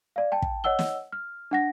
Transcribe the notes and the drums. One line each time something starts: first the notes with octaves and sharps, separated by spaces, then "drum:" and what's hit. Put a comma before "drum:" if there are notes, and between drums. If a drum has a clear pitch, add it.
D5 F5
G5 A5
drum: kick
C#5 D#5 F#5 E6 G7
drum: snare
F6
D4 F#5 A#6